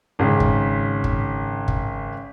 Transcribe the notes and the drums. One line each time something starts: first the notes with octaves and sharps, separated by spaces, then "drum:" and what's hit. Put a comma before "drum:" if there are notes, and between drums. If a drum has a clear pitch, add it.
G#1 C#3
drum: kick
drum: kick
drum: kick